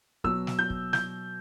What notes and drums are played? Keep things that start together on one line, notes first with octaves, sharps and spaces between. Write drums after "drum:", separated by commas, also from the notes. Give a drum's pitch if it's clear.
B2 F#3 E6, drum: kick
drum: snare
G6
drum: kick
G6, drum: snare